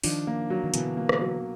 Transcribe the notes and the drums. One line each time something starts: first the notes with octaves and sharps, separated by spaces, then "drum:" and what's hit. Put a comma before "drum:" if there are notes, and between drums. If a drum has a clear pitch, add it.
D#3 F3 D4, drum: open hi-hat
A#3
F#3
D#3
B2 D3 E3, drum: hi-hat
A#3
drum: rim click
F#3